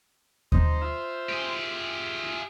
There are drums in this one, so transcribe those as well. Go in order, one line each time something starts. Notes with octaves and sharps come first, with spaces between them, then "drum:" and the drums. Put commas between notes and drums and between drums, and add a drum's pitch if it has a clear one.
D#4 C5, drum: kick D#2
F4 E5
G4 G#4